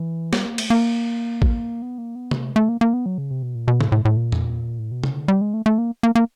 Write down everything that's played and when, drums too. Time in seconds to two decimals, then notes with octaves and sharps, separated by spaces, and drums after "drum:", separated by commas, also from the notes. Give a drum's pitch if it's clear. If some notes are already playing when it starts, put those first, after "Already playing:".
Already playing: E3
0.33 G3, drum: snare
0.45 A#3
0.58 A3, drum: cymbal
0.70 A#3
1.42 drum: kick A1
1.82 B3
1.98 A#3
2.15 B3
2.31 A#3, drum: tom C3
2.44 A3
2.56 A3
2.69 A#3
2.81 A#3
2.93 B3
3.06 F#3
3.18 C#3
3.31 C3
3.43 B2
3.55 A#2
3.68 B2
3.81 A2, drum: tom C3
3.92 A2
4.05 A2
4.17 A#2
4.32 drum: tom E2
4.79 A2
4.91 B2
5.04 C#3, drum: tom C3
5.16 D3
5.28 G3
5.41 G#3
5.54 A3
5.66 A3
5.78 A#3
6.03 A#3
6.15 A#3